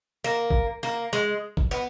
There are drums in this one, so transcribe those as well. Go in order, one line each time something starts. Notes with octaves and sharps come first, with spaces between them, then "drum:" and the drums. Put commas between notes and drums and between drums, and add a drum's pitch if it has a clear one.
A#3
drum: kick
A#3
G#3
drum: kick
B3